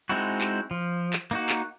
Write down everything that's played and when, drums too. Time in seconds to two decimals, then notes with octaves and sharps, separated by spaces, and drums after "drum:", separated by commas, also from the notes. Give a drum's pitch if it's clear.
0.09 G#3 C4 D#4 E4 F#4
0.41 drum: clap
0.71 F3
1.13 drum: clap
1.31 A#3 D#4 F#4
1.49 drum: clap